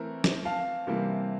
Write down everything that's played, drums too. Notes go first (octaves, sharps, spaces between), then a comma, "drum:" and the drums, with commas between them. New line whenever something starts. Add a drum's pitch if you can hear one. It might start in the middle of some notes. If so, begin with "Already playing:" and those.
Already playing: E3 A3 C4 A#4
drum: snare
F5 A5
C3 E3 G3 A#3